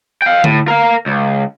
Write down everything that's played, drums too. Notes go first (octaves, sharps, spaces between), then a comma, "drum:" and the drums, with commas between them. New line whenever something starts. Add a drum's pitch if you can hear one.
F5 G5
A2, drum: tom D3
A#4 F5
C#2